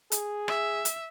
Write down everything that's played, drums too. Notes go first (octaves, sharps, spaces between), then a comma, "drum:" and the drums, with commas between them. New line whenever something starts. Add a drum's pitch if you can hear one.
G#4, drum: hi-hat
E5, drum: rim click
drum: hi-hat